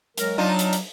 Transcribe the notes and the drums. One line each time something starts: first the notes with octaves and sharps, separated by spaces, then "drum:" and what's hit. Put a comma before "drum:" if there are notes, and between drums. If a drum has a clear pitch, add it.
F#3 G#3 A#4, drum: hi-hat
F#3 D4 D#4 F4
drum: hi-hat
drum: hi-hat